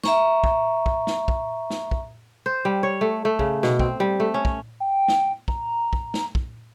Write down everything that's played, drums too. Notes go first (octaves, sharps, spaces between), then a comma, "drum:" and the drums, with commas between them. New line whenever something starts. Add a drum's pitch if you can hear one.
E5 A#5 C#6, drum: snare
drum: kick
drum: kick
drum: snare
drum: kick
drum: snare
drum: kick
C5
G3
C#5
A3
A3
C#3, drum: kick
B2, drum: snare
C4, drum: kick
G3
A3
C#4
drum: kick
G5
drum: snare
A#5, drum: kick
drum: kick
drum: snare
drum: kick